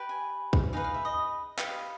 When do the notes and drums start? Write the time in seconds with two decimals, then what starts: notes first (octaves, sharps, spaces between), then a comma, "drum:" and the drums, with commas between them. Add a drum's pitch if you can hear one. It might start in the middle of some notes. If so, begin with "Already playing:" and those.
Already playing: G4 B4 D5
0.09 G#5
0.53 drum: kick
0.73 D#4 G#4 B4 F5
0.84 F5
0.94 E5
1.05 D#5
1.58 G4 B4 D#5 F5, drum: clap